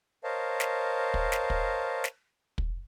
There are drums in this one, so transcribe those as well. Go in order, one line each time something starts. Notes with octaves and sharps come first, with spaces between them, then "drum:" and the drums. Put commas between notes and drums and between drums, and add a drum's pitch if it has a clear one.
A#4 C5 C#5 D#5 F5 A5
drum: snare
drum: kick
drum: snare
drum: kick
drum: snare
drum: kick